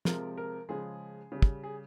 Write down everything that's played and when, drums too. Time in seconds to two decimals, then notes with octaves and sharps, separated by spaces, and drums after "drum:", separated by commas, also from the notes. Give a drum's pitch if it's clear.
0.05 C3 F3 G#3 A#4, drum: snare
0.37 A#4
0.69 C#3 F3 G#3 G#4
1.32 C#3 G3
1.42 drum: kick
1.63 G#4